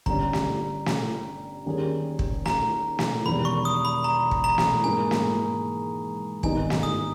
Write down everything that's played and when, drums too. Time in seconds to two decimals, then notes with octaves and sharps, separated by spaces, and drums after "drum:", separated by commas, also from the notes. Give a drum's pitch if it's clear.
0.06 G1 G2 G3 C#4 A#5, drum: kick
0.33 drum: snare
0.86 drum: snare
1.66 D#2 D#3 G3 C#4 G#4
2.19 drum: kick
2.46 A#5, drum: snare
2.99 drum: snare
3.25 E1 E2 D#3 G3 B5
3.45 C#6
3.65 D#6
3.85 B5
4.04 A#5
4.31 drum: kick
4.44 A#5
4.58 drum: snare
4.84 G#2 E3 A#3 G#5
5.11 drum: snare
6.43 G#1 G2 G3 B3 D#4 G#5, drum: kick
6.70 drum: snare
6.83 D#6